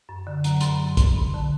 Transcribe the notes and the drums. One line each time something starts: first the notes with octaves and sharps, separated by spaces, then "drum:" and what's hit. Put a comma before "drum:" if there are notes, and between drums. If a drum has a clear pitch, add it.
F#2
D3
F#3 A#5, drum: hi-hat
F#2 C6, drum: hi-hat
B5
F#2
F#2 C6, drum: kick, hi-hat
F#2 B5
D3 A5